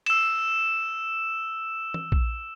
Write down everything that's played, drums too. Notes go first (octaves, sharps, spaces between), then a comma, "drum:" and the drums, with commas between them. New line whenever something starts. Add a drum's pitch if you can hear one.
E6 E7, drum: cymbal
drum: tom E3
drum: kick A#1